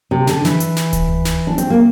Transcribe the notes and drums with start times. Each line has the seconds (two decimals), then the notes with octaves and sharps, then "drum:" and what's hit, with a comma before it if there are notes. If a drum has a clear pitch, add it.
0.11 C3
0.27 D3, drum: snare
0.45 E3, drum: snare
0.60 drum: hi-hat
0.76 drum: snare
0.93 drum: kick D#1, hi-hat
1.09 drum: tom D2
1.25 drum: snare
1.47 D4
1.58 C4, drum: hi-hat
1.70 A#3